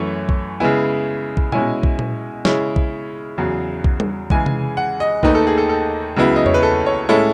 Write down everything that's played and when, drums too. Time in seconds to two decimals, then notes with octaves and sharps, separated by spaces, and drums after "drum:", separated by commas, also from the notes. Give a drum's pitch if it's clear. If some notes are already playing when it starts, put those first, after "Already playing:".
Already playing: F#2 E3 A3 C#5
0.29 drum: kick
0.60 C#3 G#3 B3 E4 G#5
1.37 drum: kick
1.52 B2 G#3 C#4 E4 G#5, drum: tom A#2
1.83 drum: kick
1.99 drum: tom A#2
2.45 C#3 G#3 C#4 E4, drum: snare
2.76 drum: kick
3.38 E2 C#3 F#3
3.84 drum: kick
4.00 drum: tom G3
4.30 C#3 E3 G#3 G#5, drum: kick
4.46 drum: tom C3
4.77 F#5
5.00 D#5
5.23 D#2 D#3 A3 D#4 B4, drum: kick
5.35 A4
5.47 G#4
5.58 A4
5.69 A4
6.16 C#2 C#3 F#3 B3 E4
6.36 D#5
6.46 C#5, drum: tom E2
6.54 B4
6.63 A4
6.86 C#5
7.09 A2 G#3 C#4 E4 A4